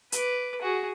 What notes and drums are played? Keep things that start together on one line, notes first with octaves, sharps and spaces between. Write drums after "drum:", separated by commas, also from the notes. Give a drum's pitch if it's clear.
B4 D6, drum: hi-hat
F#4 G#4